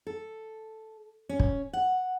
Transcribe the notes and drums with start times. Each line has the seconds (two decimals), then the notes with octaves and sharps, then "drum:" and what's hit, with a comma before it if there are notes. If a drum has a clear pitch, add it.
0.07 A4
1.29 C#4
1.40 drum: kick
1.73 F#5